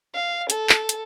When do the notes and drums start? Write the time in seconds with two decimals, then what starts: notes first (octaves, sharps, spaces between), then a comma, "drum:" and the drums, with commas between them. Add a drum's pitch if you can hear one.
0.14 F5
0.50 A4, drum: hi-hat
0.69 drum: clap
0.89 drum: hi-hat